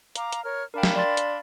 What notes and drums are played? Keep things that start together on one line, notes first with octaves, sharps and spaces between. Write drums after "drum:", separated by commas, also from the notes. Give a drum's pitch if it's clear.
F5 A#5 D6, drum: hi-hat
drum: hi-hat
A#4 C#5 F6
D4 A#4 F5 G5 B5
drum: snare
D5 C6 A6
drum: hi-hat